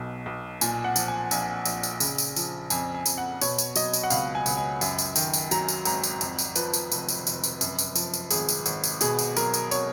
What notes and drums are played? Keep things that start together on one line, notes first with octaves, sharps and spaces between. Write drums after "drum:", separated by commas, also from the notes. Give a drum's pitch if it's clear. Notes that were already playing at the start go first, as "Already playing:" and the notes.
Already playing: B1 B2 F#3
B1
A#2 G#5, drum: tambourine
F#5
F3, drum: tambourine
G#5
A#1 G#5, drum: tambourine
A#1, drum: tambourine
drum: tambourine
C#3, drum: tambourine
drum: tambourine
F3, drum: tambourine
F2 G#5, drum: tambourine
G#5
F2, drum: tambourine
F#5
B2 C#5, drum: tambourine
drum: tambourine
F#3 D#5, drum: tambourine
drum: tambourine
F#5
C#2 F5, drum: tambourine
G#5
C#2, drum: tambourine
G#5
F#2, drum: tambourine
drum: tambourine
D#3, drum: tambourine
drum: tambourine
F#3 A#5, drum: tambourine
drum: tambourine
G#1 A#5, drum: tambourine
drum: tambourine
F2 A#5, drum: tambourine
drum: tambourine
F3 B4, drum: tambourine
drum: tambourine
F1, drum: tambourine
drum: tambourine
F1, drum: tambourine
drum: tambourine
F#2, drum: tambourine
drum: tambourine
F3, drum: tambourine
drum: tambourine
G#1 G#4, drum: tambourine
drum: tambourine
G#1, drum: tambourine
drum: tambourine
B2 G#4, drum: tambourine
drum: tambourine
F#3 A#4, drum: tambourine
drum: tambourine
C#5, drum: tambourine